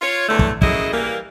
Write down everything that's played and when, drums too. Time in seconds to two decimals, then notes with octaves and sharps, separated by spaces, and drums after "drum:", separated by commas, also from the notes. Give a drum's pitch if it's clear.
0.01 F4 C#5
0.28 E2 D3 A3
0.39 drum: kick
0.62 F#2 A2 E4 G#4 D#5, drum: kick
0.92 E3 G3 A#3